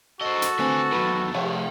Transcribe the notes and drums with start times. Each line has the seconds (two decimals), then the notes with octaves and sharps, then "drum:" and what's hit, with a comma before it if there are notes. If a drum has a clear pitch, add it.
0.21 F#4 A4 C5 D#5
0.42 drum: hi-hat
0.59 D3 A3 C4 B4 G#5
0.93 E2 D#3 F#3 B4
1.35 C3 F3 C#5, drum: cymbal